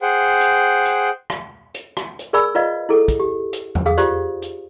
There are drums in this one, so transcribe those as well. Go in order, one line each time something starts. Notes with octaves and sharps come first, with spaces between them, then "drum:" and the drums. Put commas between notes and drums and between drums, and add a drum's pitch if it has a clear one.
G#4 C5 F#5 G5
drum: hi-hat
drum: hi-hat
drum: rim click
drum: hi-hat
drum: rim click
drum: hi-hat
G#4 A#4 D5 G#5 B5 E6
F4 B4 D5 D#5 F5
E4 G#4 A4
drum: kick, hi-hat
G4
drum: hi-hat
drum: tom E2
G#4 F5 D#6
F4 G4 C5 D5, drum: hi-hat
drum: hi-hat